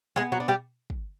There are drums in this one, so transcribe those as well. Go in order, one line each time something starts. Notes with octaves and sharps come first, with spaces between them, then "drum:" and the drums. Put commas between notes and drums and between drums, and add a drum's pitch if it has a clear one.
G#3 B3 G#4
F#3 F#4
D4
G3 G4
drum: kick